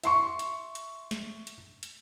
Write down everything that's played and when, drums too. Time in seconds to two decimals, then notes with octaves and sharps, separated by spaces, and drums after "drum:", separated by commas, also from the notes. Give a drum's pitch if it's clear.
0.04 E5 C6 C#6, drum: hi-hat
0.39 drum: hi-hat
0.75 drum: hi-hat
1.11 drum: snare
1.47 drum: hi-hat
1.83 drum: hi-hat